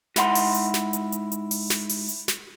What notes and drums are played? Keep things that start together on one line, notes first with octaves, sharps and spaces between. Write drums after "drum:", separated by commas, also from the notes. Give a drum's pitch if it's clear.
G#2 E4 F#5 C6, drum: snare
drum: open hi-hat
drum: hi-hat
drum: snare
drum: hi-hat
drum: hi-hat
drum: hi-hat
drum: open hi-hat
drum: snare
drum: open hi-hat
drum: hi-hat
drum: snare